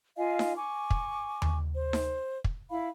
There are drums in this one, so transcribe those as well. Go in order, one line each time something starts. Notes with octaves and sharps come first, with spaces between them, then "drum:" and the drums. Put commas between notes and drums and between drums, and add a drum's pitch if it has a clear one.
F4 D#5 F5 G#5
drum: snare D#4
G#5 C#6 D6
drum: kick
drum: tom D#2
C5
drum: snare D#4
drum: kick
E4 F5 B5